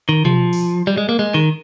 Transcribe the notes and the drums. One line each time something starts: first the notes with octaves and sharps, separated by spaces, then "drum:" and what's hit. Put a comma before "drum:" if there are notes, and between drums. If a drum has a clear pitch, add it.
D#3
F3, drum: tom B2
drum: open hi-hat
G3
G#3
A#3
G#3
D#3